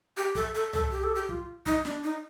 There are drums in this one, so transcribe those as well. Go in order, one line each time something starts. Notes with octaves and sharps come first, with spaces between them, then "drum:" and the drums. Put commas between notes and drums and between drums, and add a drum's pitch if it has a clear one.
G4
A4, drum: kick
A4
A4, drum: tom C2
G4
A4
G4
F4, drum: kick
D#4, drum: kick
D4, drum: snare
D#4